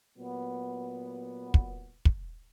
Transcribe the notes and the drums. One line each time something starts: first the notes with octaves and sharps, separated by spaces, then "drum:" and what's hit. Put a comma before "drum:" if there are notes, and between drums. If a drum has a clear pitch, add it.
A#2 F#3 B3
drum: kick
drum: kick